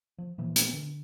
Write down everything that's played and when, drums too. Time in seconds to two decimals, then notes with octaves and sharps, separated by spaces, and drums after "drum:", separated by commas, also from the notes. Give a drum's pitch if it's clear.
0.18 F3
0.38 A#2 E3 F3
0.56 A#2 F3 A3 B3, drum: hi-hat
0.73 D3